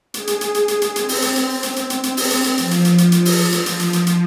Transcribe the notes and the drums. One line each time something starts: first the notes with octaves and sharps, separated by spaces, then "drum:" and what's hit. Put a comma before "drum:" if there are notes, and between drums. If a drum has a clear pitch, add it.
G#4, drum: hi-hat
drum: hi-hat
drum: hi-hat
drum: hi-hat
drum: hi-hat
drum: hi-hat
C4, drum: hi-hat
drum: open hi-hat
drum: hi-hat
drum: hi-hat
drum: hi-hat
drum: hi-hat
drum: hi-hat
drum: hi-hat
drum: open hi-hat
drum: hi-hat
drum: hi-hat
F3, drum: hi-hat
drum: hi-hat
drum: hi-hat
drum: hi-hat
drum: hi-hat
drum: open hi-hat
drum: hi-hat
drum: hi-hat
drum: hi-hat
drum: hi-hat
drum: hi-hat